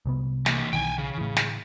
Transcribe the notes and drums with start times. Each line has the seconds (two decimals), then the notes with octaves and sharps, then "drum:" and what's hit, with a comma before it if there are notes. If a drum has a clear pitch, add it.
0.06 C2 C3 B3
0.46 E3 A#3, drum: snare
0.73 B1 D#3 E3 G5 G#5
0.98 C#3
1.18 A2 E3
1.36 drum: snare